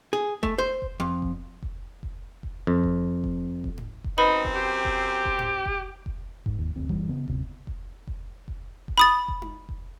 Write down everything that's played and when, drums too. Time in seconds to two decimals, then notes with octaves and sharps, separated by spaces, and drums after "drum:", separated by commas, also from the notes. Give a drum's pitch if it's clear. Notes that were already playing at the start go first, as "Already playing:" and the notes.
0.13 G#4
0.43 A3, drum: kick F1
0.58 C5
0.82 drum: kick F1
1.00 F2
1.22 drum: kick F1
1.63 drum: kick F1
2.03 drum: kick F1
2.43 drum: kick F1
2.67 F2
2.83 drum: kick F1
3.24 drum: kick F1
3.64 drum: kick F1
3.78 drum: tom G#2
4.04 drum: kick F1
4.18 F#2 C4 D#4 B4 B5
4.45 drum: kick F1
4.55 G4
4.85 drum: kick F1
5.25 drum: kick F1
5.39 drum: tom G#2
5.66 drum: kick F1
6.06 drum: kick F1
6.46 G#2, drum: kick F1
6.58 D#2
6.76 F1 D2 C4
6.89 F#1 E3 G3, drum: kick F1
7.09 C#3 B3
7.28 D1 C3, drum: kick F1
7.67 drum: kick F1
8.07 drum: kick F1
8.48 drum: kick F1
8.88 drum: kick F1
8.98 B5 D#6 A6
9.28 drum: kick F1
9.42 drum: tom D#4
9.69 drum: kick F1